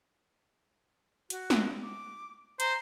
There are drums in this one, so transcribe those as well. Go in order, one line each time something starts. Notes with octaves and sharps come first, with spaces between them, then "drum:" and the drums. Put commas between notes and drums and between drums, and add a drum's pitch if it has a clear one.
F#4, drum: hi-hat
drum: snare
D6
C5 A#5, drum: hi-hat